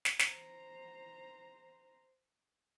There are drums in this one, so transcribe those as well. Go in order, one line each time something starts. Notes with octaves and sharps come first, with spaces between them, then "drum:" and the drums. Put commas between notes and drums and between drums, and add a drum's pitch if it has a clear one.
drum: snare
C5 A#5, drum: snare